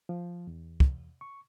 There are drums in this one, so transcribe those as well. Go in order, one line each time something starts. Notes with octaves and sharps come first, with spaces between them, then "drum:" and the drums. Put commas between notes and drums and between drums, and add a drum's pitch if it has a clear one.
F3
E2
drum: kick
C#6